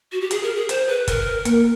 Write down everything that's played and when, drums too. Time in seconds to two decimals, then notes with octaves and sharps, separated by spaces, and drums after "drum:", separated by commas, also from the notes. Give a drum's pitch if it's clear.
0.12 F#4
0.21 G4
0.31 G#4, drum: hi-hat
0.43 A#4
0.56 G#4
0.69 C5, drum: hi-hat
0.88 B4
1.08 A#4, drum: kick, hi-hat
1.45 A#3, drum: hi-hat